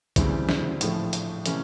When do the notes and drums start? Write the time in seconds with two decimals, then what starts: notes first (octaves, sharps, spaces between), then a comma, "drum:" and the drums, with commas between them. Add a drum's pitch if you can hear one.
0.16 D2 C#3 E3 G3 C4, drum: kick, hi-hat
0.49 drum: snare
0.81 A#1 A2 F3 A3, drum: hi-hat
1.13 drum: hi-hat
1.46 C3 E3 A3 C#4, drum: hi-hat